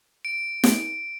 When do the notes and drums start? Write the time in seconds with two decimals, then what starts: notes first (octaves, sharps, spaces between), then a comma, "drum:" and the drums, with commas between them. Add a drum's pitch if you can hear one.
0.25 D7
0.64 drum: snare